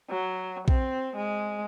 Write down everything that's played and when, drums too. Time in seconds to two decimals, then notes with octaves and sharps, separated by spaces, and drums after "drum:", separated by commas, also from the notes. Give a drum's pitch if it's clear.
0.10 F#3
0.68 C4, drum: kick A#1
1.16 G#3